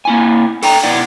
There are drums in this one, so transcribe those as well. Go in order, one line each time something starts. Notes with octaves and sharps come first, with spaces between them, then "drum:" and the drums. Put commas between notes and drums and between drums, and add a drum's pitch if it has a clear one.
A#3 E4 G#5
A4 G5 A#5, drum: open hi-hat
B2 E4 D5 F#5